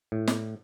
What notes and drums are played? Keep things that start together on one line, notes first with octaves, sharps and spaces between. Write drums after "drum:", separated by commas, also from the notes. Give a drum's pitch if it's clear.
A2
drum: snare